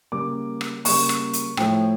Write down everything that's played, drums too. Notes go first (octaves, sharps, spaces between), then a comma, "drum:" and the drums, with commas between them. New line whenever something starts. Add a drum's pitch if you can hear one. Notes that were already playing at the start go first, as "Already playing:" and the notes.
C#3 G3 A#3 D6
drum: rim click
C#3 G3 A#3 C#6, drum: open hi-hat
drum: rim click
drum: hi-hat
A2 F3 A3 G5, drum: rim click